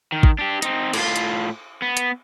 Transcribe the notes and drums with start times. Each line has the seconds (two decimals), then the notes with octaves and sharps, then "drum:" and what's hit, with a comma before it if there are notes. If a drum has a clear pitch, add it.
0.12 D#3
0.23 drum: kick
0.39 D4 G4
0.62 C4 D#4, drum: hi-hat
0.93 A2 F4, drum: cymbal
1.16 drum: hi-hat
1.82 B3
1.97 drum: hi-hat